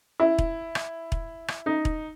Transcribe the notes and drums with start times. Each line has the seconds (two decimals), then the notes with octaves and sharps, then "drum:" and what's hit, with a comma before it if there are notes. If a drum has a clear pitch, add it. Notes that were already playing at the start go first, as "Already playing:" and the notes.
0.20 E4
0.38 drum: kick E1
0.75 drum: rim click
1.12 drum: kick E1
1.48 drum: rim click
1.66 D#4
1.85 drum: kick E1